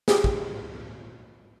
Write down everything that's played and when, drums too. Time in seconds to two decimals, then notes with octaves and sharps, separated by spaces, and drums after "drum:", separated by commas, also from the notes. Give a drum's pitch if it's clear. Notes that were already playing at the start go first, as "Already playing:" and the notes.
0.08 G4 G#4, drum: snare
0.24 drum: kick